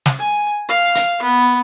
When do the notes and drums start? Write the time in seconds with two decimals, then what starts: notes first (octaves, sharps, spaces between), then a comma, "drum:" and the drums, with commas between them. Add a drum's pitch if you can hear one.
0.06 drum: snare
0.19 G#5
0.68 F5
0.95 drum: hi-hat
1.22 B3